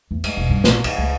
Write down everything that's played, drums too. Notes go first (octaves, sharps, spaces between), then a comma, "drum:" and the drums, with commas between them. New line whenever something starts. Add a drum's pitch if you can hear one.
E2
G#3, drum: cymbal
E1
G2
A#1, drum: snare
D#2, drum: cymbal
C#2